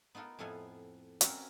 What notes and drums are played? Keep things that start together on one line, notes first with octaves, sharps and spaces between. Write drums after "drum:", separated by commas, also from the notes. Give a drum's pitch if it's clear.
B3 D#4 F4 A4 A#4
F2 A2 B3 A4 F5 G#5
C4 C#4 F#4 G#4 A#4 C5, drum: hi-hat